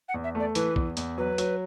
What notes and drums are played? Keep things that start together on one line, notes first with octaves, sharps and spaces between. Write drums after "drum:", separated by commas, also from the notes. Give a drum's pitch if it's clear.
F#5
E2
E5
A3 D5
E3 B4, drum: hi-hat
E2, drum: kick A#1
E2, drum: hi-hat
F#3 B4
F#3, drum: hi-hat